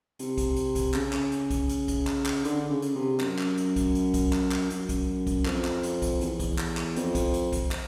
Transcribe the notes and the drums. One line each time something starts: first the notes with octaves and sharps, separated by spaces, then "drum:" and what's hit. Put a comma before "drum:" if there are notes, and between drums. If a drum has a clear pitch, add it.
C3, drum: hi-hat
drum: kick A#1, hi-hat
drum: hi-hat
drum: kick A#1, hi-hat
C#3, drum: clap
drum: clap
drum: hi-hat
drum: kick A#1, hi-hat
drum: hi-hat
drum: kick A#1, hi-hat
drum: clap
drum: clap
D3, drum: hi-hat
C#3
drum: hi-hat
C3
F#2, drum: clap
drum: clap
drum: hi-hat
drum: kick A#1, hi-hat
drum: hi-hat
drum: kick A#1, hi-hat
drum: clap
drum: clap
F#2, drum: hi-hat
drum: kick A#1, hi-hat
drum: kick A#1, hi-hat
F2, drum: clap
drum: clap
drum: hi-hat
drum: kick A#1, hi-hat
E2, drum: hi-hat
drum: kick A#1, hi-hat
drum: clap
drum: clap
F2, drum: hi-hat
drum: kick A#1, hi-hat
drum: hi-hat
drum: kick A#1, hi-hat
drum: clap